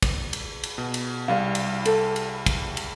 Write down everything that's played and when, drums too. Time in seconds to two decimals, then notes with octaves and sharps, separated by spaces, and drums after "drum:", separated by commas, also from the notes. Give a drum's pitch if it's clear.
0.02 drum: kick, cymbal
0.33 drum: cymbal
0.63 drum: cymbal
0.78 B2
0.94 drum: cymbal
1.28 C2 G3 D5 F5
1.55 drum: cymbal
1.85 A4 C5, drum: cymbal
2.16 drum: cymbal
2.46 drum: kick, cymbal
2.77 drum: cymbal